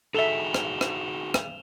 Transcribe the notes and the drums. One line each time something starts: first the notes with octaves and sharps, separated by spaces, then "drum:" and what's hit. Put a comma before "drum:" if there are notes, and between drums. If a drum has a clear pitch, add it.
D#4 F#4 G#4 A4 E5 E7 F7 G7
drum: rim click
drum: rim click
drum: rim click